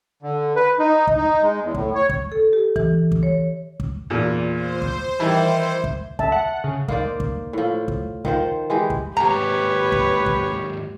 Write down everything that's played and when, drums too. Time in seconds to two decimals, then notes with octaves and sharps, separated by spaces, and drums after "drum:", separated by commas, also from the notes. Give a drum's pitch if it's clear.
0.22 D3
0.56 B4
0.79 D#4
1.08 drum: kick
1.17 D#4
1.42 G#3
1.62 E2
1.75 A2, drum: kick
1.95 C#5
2.10 drum: kick
2.32 A4
2.53 G4
2.76 E3, drum: kick
3.12 drum: kick
3.23 C#5
3.80 drum: kick
4.10 E2 A#2 F4
4.51 C5
4.82 drum: kick
5.19 D#3 E3 G3 E5
5.84 drum: kick
6.19 E5 A5, drum: kick
6.32 F#5
6.64 C#3
6.88 A#3 D#4 C5 D5, drum: kick
7.20 drum: kick
7.53 A2 F3
7.88 drum: kick
8.25 D#3 F3 C5, drum: kick
8.70 E3 G#3 G4
8.90 drum: kick
9.17 D#2 G#2 G4 B4 C#5 A#5
9.92 drum: kick
10.26 drum: kick